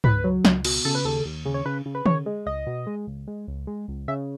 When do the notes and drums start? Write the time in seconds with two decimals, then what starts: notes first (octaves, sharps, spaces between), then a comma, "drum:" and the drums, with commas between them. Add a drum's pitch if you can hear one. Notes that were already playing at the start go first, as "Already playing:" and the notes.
0.04 C#2 B4, drum: tom
0.24 F#3
0.45 C#2, drum: snare
0.65 B2, drum: cymbal
0.85 C#3 A4
0.95 B4
1.05 D#2 A4
1.25 D#2
1.45 C#3
1.54 C#5
1.65 C#3 B4
1.86 C#3
1.95 B4
2.06 C#3 C#5, drum: tom
2.26 G#3
2.46 C#2 D#5
2.67 B2
2.87 G#3
3.07 C#2
3.27 G#3
3.47 C#2
3.67 G#3
3.88 C#2
4.08 C#3 E5